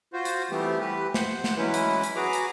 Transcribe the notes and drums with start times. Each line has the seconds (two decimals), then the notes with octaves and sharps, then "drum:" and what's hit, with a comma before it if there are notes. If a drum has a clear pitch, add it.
0.13 F4 F#4 C5
0.25 drum: hi-hat
0.51 E3 G3 A3 B3 C4 G4
0.80 E3 G4 B4
1.14 C5 F#5, drum: snare
1.44 drum: snare
1.57 E3 F#3 G#3 C#4 E4 B4
1.74 drum: hi-hat
2.03 drum: hi-hat
2.16 F#4 G#4 B4 A#5 D6
2.33 drum: hi-hat